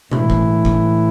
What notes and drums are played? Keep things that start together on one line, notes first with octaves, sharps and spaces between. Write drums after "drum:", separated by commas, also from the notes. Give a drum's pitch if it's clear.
A2 E3 E4, drum: tom B2
drum: kick G1
drum: kick G1